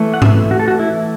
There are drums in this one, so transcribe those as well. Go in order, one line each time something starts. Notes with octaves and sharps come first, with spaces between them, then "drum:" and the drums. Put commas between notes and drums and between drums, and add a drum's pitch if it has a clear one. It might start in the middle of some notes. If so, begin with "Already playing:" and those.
Already playing: E3 A3
F#5
E5, drum: tom G#2
F#4
A4
F#4
E4